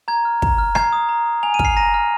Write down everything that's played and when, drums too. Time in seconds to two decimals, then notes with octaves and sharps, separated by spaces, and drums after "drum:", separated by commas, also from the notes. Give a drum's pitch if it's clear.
0.08 A#5 G#6
0.25 F6
0.42 A#5, drum: kick
0.58 F6
0.75 A#5 G#6 C7, drum: rim click
0.93 D#6
1.09 A#5
1.26 D#6
1.43 G#5 F7
1.54 D#7
1.59 F6, drum: kick
1.65 C7 F7
1.76 A#5 A#6 D#7
1.94 F6